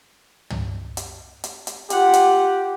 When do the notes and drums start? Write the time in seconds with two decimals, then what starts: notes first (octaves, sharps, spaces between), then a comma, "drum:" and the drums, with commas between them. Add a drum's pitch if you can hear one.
0.50 drum: tom
0.97 drum: hi-hat
1.44 drum: hi-hat
1.67 drum: hi-hat
1.90 F4 G4 F#5, drum: hi-hat
2.14 drum: hi-hat